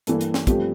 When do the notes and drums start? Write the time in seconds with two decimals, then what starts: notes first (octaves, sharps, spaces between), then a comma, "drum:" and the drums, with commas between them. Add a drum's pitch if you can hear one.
0.07 G2 E3 G3 A#3 A4, drum: hi-hat
0.21 drum: hi-hat
0.34 drum: snare
0.47 G2 F3 A3 C4 G4, drum: kick, hi-hat